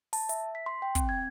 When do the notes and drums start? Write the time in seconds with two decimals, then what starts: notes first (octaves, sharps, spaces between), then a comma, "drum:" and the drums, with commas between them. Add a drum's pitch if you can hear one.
0.13 A5, drum: open hi-hat
0.29 E5, drum: hi-hat
0.55 B6
0.66 C6
0.82 G5
0.95 C4, drum: kick, hi-hat
1.09 G#6